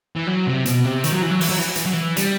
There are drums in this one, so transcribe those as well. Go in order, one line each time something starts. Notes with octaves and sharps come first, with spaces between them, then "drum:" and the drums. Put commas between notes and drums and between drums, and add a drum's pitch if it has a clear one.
E3
F#3
C3
B2, drum: hi-hat
C3
D#3, drum: hi-hat
F#3
E3
F#3
E3, drum: open hi-hat
F#3
E3
F#3
E3, drum: hi-hat
F#3
E3
G3, drum: hi-hat